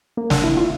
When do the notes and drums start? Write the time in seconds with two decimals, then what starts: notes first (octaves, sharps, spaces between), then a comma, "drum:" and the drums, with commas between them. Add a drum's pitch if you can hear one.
0.17 A#3
0.30 D4, drum: snare
0.44 E4
0.57 F4